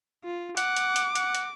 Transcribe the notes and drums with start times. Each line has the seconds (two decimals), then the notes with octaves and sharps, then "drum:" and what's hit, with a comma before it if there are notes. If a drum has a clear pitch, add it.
0.24 F4
0.57 F#5 D6, drum: hi-hat
0.76 drum: hi-hat
0.96 drum: hi-hat
1.15 F#5, drum: hi-hat
1.35 drum: hi-hat